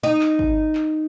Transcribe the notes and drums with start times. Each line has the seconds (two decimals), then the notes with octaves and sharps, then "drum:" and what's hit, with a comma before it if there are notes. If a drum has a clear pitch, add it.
0.03 D#4
0.21 drum: clap
0.39 drum: kick
0.75 drum: clap